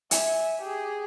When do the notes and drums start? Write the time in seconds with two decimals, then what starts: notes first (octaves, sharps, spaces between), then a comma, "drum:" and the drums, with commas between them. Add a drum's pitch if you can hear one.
0.11 E5 G#5, drum: hi-hat
0.61 G4 G#4